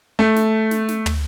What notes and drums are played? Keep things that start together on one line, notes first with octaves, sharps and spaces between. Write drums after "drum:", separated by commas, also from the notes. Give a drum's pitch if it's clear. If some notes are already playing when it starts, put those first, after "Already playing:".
A3
drum: snare
drum: snare
drum: snare
drum: tom